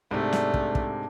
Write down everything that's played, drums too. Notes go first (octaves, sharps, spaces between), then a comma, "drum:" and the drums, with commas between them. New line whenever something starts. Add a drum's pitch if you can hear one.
G#2 C3 A3 D4
drum: snare
drum: kick
drum: kick